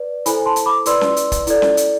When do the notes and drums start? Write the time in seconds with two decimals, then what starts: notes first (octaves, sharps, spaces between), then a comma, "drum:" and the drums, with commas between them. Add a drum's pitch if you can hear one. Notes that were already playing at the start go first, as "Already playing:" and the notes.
Already playing: B4 D5
0.26 E4 A4 C5 G#5 B5, drum: hi-hat
0.46 A5 C6
0.56 drum: hi-hat
0.66 B5 D6
0.86 E4 B4 D5 C6 E6, drum: hi-hat
1.01 drum: snare C#4
1.17 drum: hi-hat
1.32 drum: kick, hi-hat
1.47 E4 A4 D5, drum: hi-hat
1.62 drum: snare C#4
1.77 drum: hi-hat